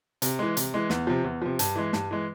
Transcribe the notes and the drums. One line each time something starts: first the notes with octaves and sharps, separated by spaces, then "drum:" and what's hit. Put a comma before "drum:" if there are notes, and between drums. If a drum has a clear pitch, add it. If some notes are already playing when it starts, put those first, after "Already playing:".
C3, drum: hi-hat
E3 G#3
C3, drum: hi-hat
E3 G#3
E2, drum: snare
C3 F3
E2
C3 F3
G2, drum: hi-hat
E3 G#3
G2, drum: snare
E3 G#3